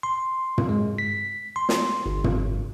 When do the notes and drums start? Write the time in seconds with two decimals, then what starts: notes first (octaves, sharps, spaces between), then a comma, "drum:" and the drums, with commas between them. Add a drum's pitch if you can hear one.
0.03 C6
0.58 drum: tom
0.69 G#3
0.98 B6
1.56 C6
1.69 drum: snare
2.06 G1
2.24 drum: tom